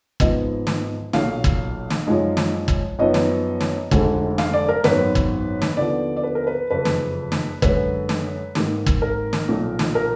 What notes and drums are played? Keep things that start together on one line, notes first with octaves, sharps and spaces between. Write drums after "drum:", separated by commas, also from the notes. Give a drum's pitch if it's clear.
G#1 G#2 F3 B3 D#4 D#5, drum: kick
drum: snare
B1 A#2 F#3 F5, drum: snare
drum: kick
drum: snare
F#2 F3 G#3 D#4
drum: snare
drum: kick
F#2 F3 B3 D#4 D#5
drum: snare
drum: snare
F1 F2 D3 G#3, drum: kick
F5, drum: snare
D5
A#4
G#1 F#2 D#3 F#3 B3 B4, drum: snare
drum: kick
drum: snare
D#2 D3 F3 B3 D5
D5
B4
A#4
B4
F#1 F2 F3 B4
drum: snare
drum: snare
F#2 D3 G#3 B4, drum: kick
drum: snare
G#1 G#2 D#3 A#3, drum: snare
drum: kick
A#4
drum: snare
B1 A#2 F3
drum: snare
A#4